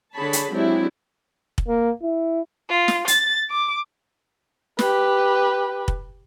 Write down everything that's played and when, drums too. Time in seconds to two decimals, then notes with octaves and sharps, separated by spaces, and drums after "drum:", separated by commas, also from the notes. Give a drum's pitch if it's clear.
0.14 D3 D4 G#4 C#5 A5 B5
0.33 drum: hi-hat
0.50 F#3 G#3 C4 D4 E4 G4
1.58 drum: kick
1.68 A#3
2.02 E4
2.69 F4
2.88 drum: snare
3.08 A6, drum: hi-hat
3.51 D6
4.79 G4 B4, drum: snare
5.88 drum: kick